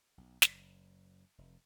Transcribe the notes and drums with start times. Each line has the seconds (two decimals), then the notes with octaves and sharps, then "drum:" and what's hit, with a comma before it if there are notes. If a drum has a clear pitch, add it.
0.18 B1
0.42 F#1, drum: snare
1.38 F1